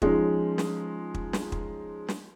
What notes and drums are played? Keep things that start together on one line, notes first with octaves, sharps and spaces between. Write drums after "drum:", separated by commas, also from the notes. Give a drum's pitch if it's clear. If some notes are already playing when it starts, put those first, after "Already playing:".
F3 G#3 C#4 D#4, drum: kick
drum: snare
drum: kick
drum: snare
drum: kick
drum: snare